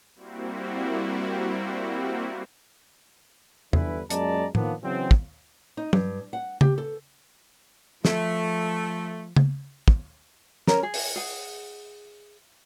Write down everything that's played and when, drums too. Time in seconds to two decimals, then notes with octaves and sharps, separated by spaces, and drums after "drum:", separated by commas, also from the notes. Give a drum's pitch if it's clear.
0.16 G3 A#3 C4 E4 F#4
3.73 G1 D3 E3 E4 B4, drum: tom E2
4.10 F#2 A#2 G#3 D5 A5 A#5, drum: hi-hat
4.55 D#3 F3 A#3 B3 D4, drum: tom A2
4.83 C#3 E3 F#3 G#3 C4
5.11 drum: kick
5.77 D#4
5.93 G2, drum: tom F#3
6.33 F#5
6.61 G4, drum: tom C#3
6.78 A4
8.05 F3 A3, drum: snare
9.36 drum: tom C#3
9.88 drum: kick
10.67 C#4 G#4 A#4, drum: snare
10.83 G#4
10.94 drum: open hi-hat
11.16 G#4 F#5